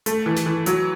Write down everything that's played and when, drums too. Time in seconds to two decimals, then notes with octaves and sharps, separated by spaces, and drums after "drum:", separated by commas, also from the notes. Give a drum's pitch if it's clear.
0.06 A3, drum: hi-hat
0.26 E3
0.36 drum: snare
0.46 E3
0.66 F#3, drum: hi-hat